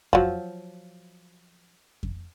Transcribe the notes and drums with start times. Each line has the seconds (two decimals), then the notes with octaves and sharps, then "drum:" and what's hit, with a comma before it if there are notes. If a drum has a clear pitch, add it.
0.13 F3 F#3, drum: kick F2
2.03 drum: kick F2